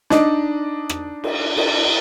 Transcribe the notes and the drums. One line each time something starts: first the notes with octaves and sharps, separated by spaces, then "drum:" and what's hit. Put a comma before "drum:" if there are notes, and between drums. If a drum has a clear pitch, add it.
D4 D#4 D5 D#5, drum: snare
drum: rim click
drum: cymbal
drum: cymbal